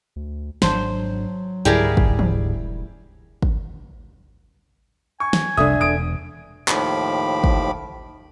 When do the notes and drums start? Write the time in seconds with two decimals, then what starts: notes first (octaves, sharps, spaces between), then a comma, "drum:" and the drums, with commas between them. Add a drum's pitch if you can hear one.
0.16 D2
0.62 G#1 F#3 D4 C5, drum: snare
1.65 C#2 G#2 D3 G3 E4 G4 G#4 A#4, drum: hi-hat
1.97 E1, drum: kick
2.19 drum: tom E3
3.42 drum: kick
5.20 G#5 C#6
5.33 drum: snare
5.57 F1 C2 D4 A4 E5 D#6
5.81 E1 D#6 D7
6.68 D#2 A2 D#3 F3 B5 D6, drum: clap
7.44 drum: kick